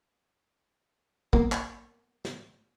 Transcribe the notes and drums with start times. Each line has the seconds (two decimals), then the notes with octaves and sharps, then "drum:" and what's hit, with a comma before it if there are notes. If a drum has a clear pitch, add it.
1.33 A#3, drum: kick
1.52 drum: clap
2.25 drum: snare